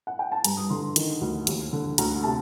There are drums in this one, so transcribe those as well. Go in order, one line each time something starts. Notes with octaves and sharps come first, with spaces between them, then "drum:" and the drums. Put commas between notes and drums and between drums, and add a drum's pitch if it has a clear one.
F#5
G5
A5
G2 A#5, drum: hi-hat
D#6
D3 C6
D#3, drum: hi-hat
D2
D#2, drum: hi-hat
D3
D2 A#5, drum: hi-hat
C3 A5